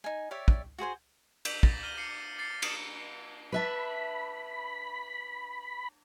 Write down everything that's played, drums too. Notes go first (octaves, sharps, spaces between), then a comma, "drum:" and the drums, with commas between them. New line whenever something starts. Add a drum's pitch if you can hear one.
D#4 G#5
G4 C#5 D5 E5
drum: kick
F#4 G#4 C5 G#5
G6 B6 F#7, drum: cymbal
A6 A#6, drum: kick
F6 D#7 G7
D6 C7 C#7
D6 A6 C7 C#7
D#6 E7 F#7, drum: cymbal
B4 E5 A5 B5